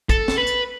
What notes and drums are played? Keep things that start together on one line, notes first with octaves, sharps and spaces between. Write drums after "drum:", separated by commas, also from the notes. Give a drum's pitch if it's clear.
A4, drum: kick, hi-hat
drum: snare
B4
drum: hi-hat